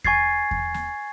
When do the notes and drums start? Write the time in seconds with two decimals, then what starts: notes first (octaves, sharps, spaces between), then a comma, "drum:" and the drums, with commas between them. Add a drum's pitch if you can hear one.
0.05 G#5 C#6 G#6 A6 C7, drum: kick E2
0.51 drum: kick E2
0.74 drum: snare